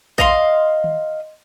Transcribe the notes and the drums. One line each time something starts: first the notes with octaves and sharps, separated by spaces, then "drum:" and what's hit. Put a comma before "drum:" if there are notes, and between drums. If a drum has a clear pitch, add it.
D#5 F5 C6, drum: kick
drum: tom